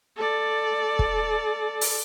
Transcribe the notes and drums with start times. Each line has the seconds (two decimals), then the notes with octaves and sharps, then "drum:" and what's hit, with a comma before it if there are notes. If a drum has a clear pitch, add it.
0.17 A4 D5
0.99 drum: kick
1.81 drum: open hi-hat